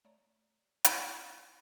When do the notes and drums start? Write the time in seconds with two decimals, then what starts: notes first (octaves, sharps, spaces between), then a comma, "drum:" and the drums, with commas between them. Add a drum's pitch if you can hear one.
0.05 A3 C#5 D5 A#5
0.85 drum: hi-hat